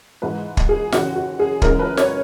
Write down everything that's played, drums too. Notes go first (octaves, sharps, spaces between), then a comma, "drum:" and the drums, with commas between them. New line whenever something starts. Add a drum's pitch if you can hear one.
G#2 E3 G#3 B4
drum: kick
G#4
D#2 C#3 E3 F#4, drum: snare
F#4
G#4
F#2 C#3 E3 G#3 A#4, drum: kick
B4
C#5, drum: snare